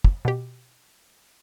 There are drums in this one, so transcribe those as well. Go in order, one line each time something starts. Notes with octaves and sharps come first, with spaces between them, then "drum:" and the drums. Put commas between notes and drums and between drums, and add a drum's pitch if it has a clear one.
drum: kick
B2 G4